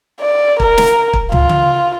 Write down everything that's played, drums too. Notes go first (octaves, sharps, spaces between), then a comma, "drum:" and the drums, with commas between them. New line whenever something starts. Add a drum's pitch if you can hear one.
D5
A#4, drum: kick
drum: snare
drum: kick
F4, drum: tom
drum: tom C#3